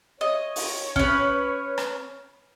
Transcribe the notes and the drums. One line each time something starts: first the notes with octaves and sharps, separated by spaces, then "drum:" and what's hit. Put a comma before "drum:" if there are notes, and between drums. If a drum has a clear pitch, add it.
C#5 D#5
drum: open hi-hat
C#4 B4, drum: kick
drum: rim click